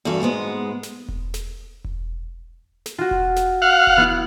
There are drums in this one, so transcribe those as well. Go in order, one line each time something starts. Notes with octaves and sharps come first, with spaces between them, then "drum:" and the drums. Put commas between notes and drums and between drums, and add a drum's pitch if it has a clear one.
E2 G2 F#4 A4 F5
G#2 G#3 B3
drum: snare
drum: kick E1
drum: snare
drum: kick E1
drum: snare
F4 F#4
drum: kick E1
drum: snare
F5 F#5
drum: kick E1
B3 E4